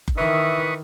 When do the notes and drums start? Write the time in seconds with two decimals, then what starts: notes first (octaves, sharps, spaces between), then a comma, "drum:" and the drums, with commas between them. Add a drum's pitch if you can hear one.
0.08 drum: kick F#1
0.18 D#3 E3 B4 E5 C#6 D#6